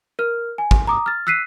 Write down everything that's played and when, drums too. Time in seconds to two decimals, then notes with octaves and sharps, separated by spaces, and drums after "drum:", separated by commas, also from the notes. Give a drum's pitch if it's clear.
0.19 A#4 F6
0.58 G#5
0.71 drum: kick
0.87 A#5 D6 D#6
1.06 F6 A6
1.27 E6 F#6 B6 C7 D#7